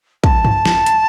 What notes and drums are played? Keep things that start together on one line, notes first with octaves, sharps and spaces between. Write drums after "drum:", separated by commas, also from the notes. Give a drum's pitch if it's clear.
A5, drum: kick
drum: tom G2
drum: snare
drum: hi-hat